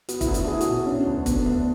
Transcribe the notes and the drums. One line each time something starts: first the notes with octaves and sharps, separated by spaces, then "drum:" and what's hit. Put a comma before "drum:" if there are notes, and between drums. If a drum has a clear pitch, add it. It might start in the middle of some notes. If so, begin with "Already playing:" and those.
B3 F#4, drum: hi-hat
E4, drum: kick, hi-hat
D2
E4, drum: hi-hat
E4 G#4
F#4, drum: hi-hat
B2
E4
C#4 D4
D2
B3 D4, drum: kick, hi-hat
D2